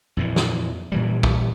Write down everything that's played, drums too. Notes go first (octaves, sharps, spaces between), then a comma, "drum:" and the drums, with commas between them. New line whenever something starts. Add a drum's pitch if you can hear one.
F2 A#2 E3
drum: snare
A#2 E3 G3
drum: kick